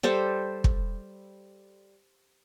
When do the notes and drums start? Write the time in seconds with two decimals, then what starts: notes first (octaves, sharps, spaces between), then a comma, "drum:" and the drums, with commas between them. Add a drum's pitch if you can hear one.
0.03 G3 A4 C5
0.64 drum: kick